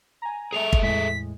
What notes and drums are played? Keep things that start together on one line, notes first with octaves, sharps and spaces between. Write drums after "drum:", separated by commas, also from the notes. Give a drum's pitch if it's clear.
G#5 A#5
G#4 A4 E5 F7
drum: kick
E2 A2 G#3 B6